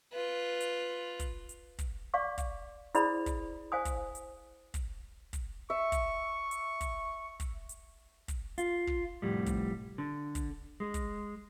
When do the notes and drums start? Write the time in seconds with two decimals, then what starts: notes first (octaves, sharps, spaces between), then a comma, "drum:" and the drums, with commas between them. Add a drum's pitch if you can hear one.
0.13 F4 B4
0.60 drum: hi-hat
1.19 drum: kick, hi-hat
1.49 drum: hi-hat
1.79 drum: kick, hi-hat
2.14 D5 F5 C#6 D6
2.38 drum: kick, hi-hat
2.95 E4 G#4 C5 D5 B5 D#6, drum: hi-hat
3.26 drum: kick, hi-hat
3.72 C5 F5 G#5 D#6
3.85 drum: kick, hi-hat
4.15 drum: hi-hat
4.74 drum: kick, hi-hat
5.33 drum: kick, hi-hat
5.70 E5 C#6
5.92 drum: kick, hi-hat
6.51 drum: hi-hat
6.81 drum: kick, hi-hat
7.40 drum: kick, hi-hat
7.69 drum: hi-hat
8.28 drum: kick, hi-hat
8.58 F4, drum: hi-hat
8.87 drum: kick
9.22 C2 F2 A2 G3
9.46 drum: kick, hi-hat
9.98 D3
10.35 drum: kick, hi-hat
10.80 G#3
10.94 drum: kick, hi-hat